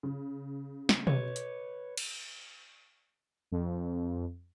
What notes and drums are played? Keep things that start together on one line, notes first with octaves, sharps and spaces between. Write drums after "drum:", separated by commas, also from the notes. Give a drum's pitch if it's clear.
C#3
drum: snare
B4 C#5, drum: tom B2
drum: hi-hat
drum: cymbal
F2